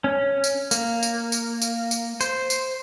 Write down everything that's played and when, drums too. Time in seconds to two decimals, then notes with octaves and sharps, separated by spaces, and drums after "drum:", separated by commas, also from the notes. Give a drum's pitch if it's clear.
0.04 C#4
0.44 drum: tambourine
0.71 A#3, drum: tambourine
1.03 drum: tambourine
1.32 drum: tambourine
1.62 drum: tambourine
1.91 drum: tambourine
2.21 C5, drum: tambourine
2.50 drum: tambourine